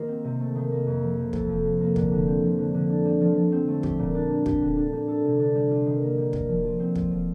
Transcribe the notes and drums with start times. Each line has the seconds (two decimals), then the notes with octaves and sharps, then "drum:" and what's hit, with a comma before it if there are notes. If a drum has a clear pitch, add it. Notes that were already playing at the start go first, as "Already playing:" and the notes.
Already playing: D#3 A#3 F4
0.08 C4
0.24 C3
0.40 A3
0.55 D#3
0.71 A#3
0.86 F2
1.02 F3
1.17 C3
1.33 A4, drum: kick
1.49 F3
1.65 F4
1.80 A#3
1.96 D3, drum: kick
2.12 D3
2.27 C4
2.43 F3
2.58 D3
2.74 D3
2.90 D4
3.05 G3
3.21 F3
3.36 F3
3.52 C4
3.68 A3
3.83 G4, drum: kick
3.99 A#2
4.15 D4
4.30 G3
4.46 G4, drum: kick
4.61 D3
4.77 D4
4.93 G3
5.08 A4
5.24 C3
5.39 D4
5.55 G3
5.71 F4
5.86 D#3
6.02 A#3
6.18 G3
6.33 A#4, drum: kick
6.49 F3
6.64 F4
6.80 C4
6.96 F4, drum: kick
7.11 F3